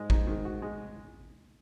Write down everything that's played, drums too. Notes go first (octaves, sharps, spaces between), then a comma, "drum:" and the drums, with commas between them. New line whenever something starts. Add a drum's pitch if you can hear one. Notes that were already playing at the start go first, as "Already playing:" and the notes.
Already playing: G#2 G#3
D#4, drum: kick A1
D#3
F#4
G#3